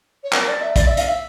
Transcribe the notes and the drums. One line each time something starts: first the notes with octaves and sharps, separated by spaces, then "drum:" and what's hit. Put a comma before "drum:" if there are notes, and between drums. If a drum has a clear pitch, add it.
C#5
A#4, drum: clap
D5
E5
D5, drum: kick, hi-hat
E5
F5, drum: hi-hat
E5